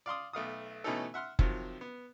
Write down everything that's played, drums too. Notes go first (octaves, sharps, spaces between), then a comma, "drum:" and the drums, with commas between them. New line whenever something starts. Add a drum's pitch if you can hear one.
D5 F5 C6 D#6
B1 A3 F5 D#6
B2 E3 A3 C#4 D#4 A4
E5 F#5 C6 F6
C3 D#3 F3 F#3, drum: kick
B3